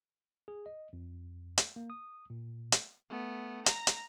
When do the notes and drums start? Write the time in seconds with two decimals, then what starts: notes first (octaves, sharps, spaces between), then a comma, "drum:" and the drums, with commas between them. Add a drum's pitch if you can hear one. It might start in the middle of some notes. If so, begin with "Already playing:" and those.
0.48 G#4
0.66 D#5
0.93 F2
1.58 drum: hi-hat
1.76 A#3
1.90 D#6
2.30 A#2
2.72 drum: hi-hat
3.10 A3 B3
3.66 A#5 A#6, drum: hi-hat
3.87 drum: hi-hat